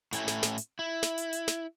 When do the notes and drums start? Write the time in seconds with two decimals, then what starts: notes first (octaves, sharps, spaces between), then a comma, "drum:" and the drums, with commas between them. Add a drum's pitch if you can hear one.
0.13 A2 C#4 E4, drum: hi-hat
0.28 drum: snare
0.43 drum: snare
0.58 drum: hi-hat
0.79 E4
1.03 drum: snare
1.18 drum: hi-hat
1.33 drum: hi-hat
1.48 drum: snare